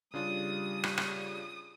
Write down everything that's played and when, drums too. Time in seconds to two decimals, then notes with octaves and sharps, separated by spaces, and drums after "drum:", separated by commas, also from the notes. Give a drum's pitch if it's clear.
0.14 C#3 G3 D4 F4 D#6
0.84 drum: rim click
0.98 drum: rim click